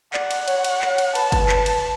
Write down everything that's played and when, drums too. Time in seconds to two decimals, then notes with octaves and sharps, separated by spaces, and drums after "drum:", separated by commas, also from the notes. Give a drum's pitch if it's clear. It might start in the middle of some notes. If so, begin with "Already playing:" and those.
0.14 D5 F#5, drum: clap
0.31 drum: cymbal
0.48 C#5, drum: cymbal
0.64 drum: cymbal
0.81 drum: clap
0.98 drum: cymbal
1.15 B4 A5, drum: cymbal
1.32 drum: kick, cymbal
1.49 A5, drum: clap
1.66 drum: cymbal